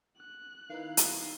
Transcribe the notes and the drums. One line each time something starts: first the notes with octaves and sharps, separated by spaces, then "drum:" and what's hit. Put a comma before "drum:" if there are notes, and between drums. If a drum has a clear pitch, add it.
F#6
D#3 B3 D#4 E4 F5
drum: hi-hat